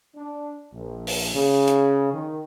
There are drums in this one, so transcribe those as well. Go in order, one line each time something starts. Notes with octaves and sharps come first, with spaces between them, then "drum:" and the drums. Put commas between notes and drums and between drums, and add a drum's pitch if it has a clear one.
D4
A#1
drum: open hi-hat
C#3
drum: hi-hat
D#3